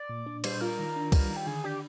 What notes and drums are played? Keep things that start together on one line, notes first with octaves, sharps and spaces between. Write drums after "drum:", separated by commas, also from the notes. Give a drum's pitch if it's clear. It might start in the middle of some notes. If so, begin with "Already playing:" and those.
Already playing: D5
A#2
D4
G3 C5, drum: cymbal
F4 A#4
D#3
D4
G3, drum: kick, cymbal
D#3
G4
D3 G#4
D4 G4